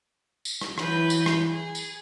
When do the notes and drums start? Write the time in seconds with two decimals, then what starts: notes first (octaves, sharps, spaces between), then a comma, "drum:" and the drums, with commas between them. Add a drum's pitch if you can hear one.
0.45 drum: tambourine
0.61 drum: rim click
0.78 E3 F#3 B4 G6, drum: rim click
1.10 drum: tambourine
1.26 drum: rim click
1.50 G#4
1.75 drum: tambourine